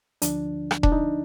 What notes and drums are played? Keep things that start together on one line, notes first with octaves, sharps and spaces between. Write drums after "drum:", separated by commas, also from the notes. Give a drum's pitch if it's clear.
D2 D3 F3 D4, drum: hi-hat
drum: rim click
D4, drum: kick E1
D#4